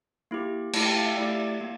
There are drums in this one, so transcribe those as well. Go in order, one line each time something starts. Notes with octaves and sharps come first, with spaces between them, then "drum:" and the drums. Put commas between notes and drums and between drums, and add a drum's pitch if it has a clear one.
A#3 E4 G4
A3 E4 G4 A5, drum: cymbal
G5
F5
E5
A3 E4 G4 D5
A#3